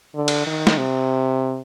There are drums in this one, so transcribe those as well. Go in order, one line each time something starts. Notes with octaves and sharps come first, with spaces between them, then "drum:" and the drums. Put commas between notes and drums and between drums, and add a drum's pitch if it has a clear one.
D3
drum: cymbal
D#3
drum: snare
C3